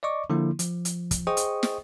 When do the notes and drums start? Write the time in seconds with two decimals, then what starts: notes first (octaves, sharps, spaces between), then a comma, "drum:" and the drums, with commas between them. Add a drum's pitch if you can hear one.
0.03 D5 D#5 C#6 D6
0.30 D3 F3 A#3 E4
0.59 F3, drum: hi-hat
0.85 drum: hi-hat
1.11 drum: kick, hi-hat
1.27 G#4 C5 D#5 G5 C#6 D#6
1.37 drum: hi-hat
1.63 drum: snare